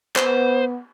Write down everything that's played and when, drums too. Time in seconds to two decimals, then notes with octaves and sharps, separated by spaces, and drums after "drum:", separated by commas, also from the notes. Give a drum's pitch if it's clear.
0.16 B3 C5, drum: clap